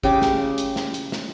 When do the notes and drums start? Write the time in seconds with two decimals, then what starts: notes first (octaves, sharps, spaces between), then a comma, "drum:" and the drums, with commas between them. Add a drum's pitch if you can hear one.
0.03 C#3 G4 D6, drum: kick
0.22 drum: snare
0.58 drum: hi-hat
0.76 drum: snare
0.94 drum: hi-hat
1.12 drum: snare